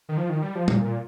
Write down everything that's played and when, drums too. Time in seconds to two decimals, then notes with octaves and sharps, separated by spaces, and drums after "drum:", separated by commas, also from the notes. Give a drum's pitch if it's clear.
0.09 D#3
0.17 F3
0.30 D#3
0.42 G3
0.55 F3
0.68 A#2, drum: tom
0.84 A#2